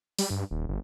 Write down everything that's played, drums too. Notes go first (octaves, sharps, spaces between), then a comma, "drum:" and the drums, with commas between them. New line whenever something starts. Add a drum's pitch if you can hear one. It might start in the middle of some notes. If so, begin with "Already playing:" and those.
G3, drum: open hi-hat
G2
D#1
G1